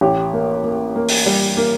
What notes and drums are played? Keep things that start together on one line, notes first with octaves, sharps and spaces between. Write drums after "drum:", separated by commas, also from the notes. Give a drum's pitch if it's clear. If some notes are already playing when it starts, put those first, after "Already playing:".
A1 G4
A#3
A#3
A#3
drum: open hi-hat
G3
A#3